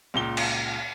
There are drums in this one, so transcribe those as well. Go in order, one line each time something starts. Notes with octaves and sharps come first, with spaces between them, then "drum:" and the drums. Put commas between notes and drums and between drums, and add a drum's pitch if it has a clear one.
C#2 A#2 G7
drum: cymbal